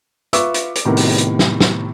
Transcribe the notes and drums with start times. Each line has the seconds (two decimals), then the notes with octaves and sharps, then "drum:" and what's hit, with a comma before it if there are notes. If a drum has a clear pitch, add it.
0.33 F4 B4 E5 C#6 D6 E6, drum: hi-hat
0.54 drum: hi-hat
0.75 drum: hi-hat
0.85 A2 C3 D#3 B3 A#4
0.97 drum: open hi-hat
1.18 drum: hi-hat
1.39 drum: snare
1.60 drum: snare